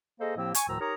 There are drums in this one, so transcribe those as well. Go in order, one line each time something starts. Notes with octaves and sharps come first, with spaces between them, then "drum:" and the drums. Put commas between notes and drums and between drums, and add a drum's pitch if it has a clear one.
A#3 G#4 A4 C5 D#5
A2 F3 A#3 C4 G4 E6
G#5 C#6, drum: hi-hat
D2 A2 D#3 F3 A#5 E6
D#4 G4 A#4 C#5 A#5 D#6